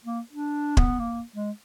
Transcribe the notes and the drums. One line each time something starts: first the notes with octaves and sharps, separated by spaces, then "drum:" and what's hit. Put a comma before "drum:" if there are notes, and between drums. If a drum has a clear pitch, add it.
A#3
D4
B3, drum: kick
A#3
G#3